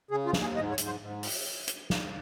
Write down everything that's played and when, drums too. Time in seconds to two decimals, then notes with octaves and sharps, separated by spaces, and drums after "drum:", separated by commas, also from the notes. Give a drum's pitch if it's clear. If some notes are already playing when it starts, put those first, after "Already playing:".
0.11 C#3 G#4
0.26 F4
0.33 D#2, drum: snare
0.41 G#4
0.55 G#2 D#5
0.70 C#5
0.78 G#2, drum: hi-hat
0.86 C5
1.00 G#2
1.23 drum: open hi-hat
1.68 drum: hi-hat
1.90 drum: snare